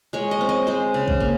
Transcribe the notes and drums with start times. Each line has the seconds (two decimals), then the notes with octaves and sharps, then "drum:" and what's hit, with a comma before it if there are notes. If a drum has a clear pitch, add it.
0.13 G#3 C#5
0.31 D#5
0.41 C4
0.49 D#5
0.67 G#3 C5
0.94 C#3
1.08 drum: kick
1.20 A#3